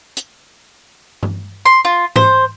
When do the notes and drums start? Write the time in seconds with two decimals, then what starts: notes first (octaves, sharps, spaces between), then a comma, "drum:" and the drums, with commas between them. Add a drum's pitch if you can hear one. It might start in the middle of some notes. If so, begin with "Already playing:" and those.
0.17 drum: hi-hat
1.23 drum: tom G2
1.66 C6
1.85 F4
2.16 C5, drum: tom G#2